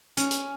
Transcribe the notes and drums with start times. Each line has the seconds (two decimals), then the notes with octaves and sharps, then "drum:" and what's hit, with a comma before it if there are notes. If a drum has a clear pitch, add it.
0.17 C#4, drum: hi-hat
0.31 drum: hi-hat